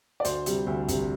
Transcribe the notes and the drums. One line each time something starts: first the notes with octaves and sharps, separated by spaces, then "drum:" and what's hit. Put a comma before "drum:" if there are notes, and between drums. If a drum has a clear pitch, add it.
D5
D2 C5, drum: hi-hat
C3 G3, drum: hi-hat
D2
C3 G3, drum: kick, hi-hat